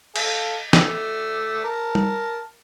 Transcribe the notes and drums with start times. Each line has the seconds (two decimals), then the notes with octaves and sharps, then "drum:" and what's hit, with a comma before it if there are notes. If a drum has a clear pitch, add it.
0.16 A4 F5, drum: cymbal
0.73 A3 D6 E6, drum: snare
1.64 A#4 A5 A#5
1.95 drum: tom